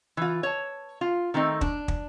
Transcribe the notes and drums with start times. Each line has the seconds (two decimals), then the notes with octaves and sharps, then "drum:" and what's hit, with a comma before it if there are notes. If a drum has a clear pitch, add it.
0.17 E3 F4
0.43 C#5 A5
1.01 F4
1.34 D#3 A3 C4 D#4
1.61 D4, drum: kick
1.88 drum: kick